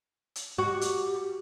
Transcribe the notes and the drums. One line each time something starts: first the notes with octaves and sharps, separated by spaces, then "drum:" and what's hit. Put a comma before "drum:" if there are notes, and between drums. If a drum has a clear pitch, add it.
drum: hi-hat
F#4 G4
drum: hi-hat